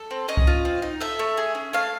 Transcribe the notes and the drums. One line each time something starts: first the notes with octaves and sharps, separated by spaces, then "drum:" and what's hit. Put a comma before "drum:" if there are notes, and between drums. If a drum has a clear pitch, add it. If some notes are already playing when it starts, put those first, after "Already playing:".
Already playing: A4
C4
C#4 D#5
drum: kick C2
F4
C4
D#4
A4 E5
A3
G#4
C#4
A3 F5